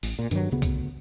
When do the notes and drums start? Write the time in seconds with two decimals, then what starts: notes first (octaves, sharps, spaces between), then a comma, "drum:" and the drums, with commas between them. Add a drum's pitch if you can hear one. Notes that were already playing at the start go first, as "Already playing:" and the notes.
0.03 A1, drum: open hi-hat
0.19 A#2
0.31 G2 D#3 E3 F#3, drum: hi-hat
0.51 D2 C#3 B3
0.62 drum: kick C2, hi-hat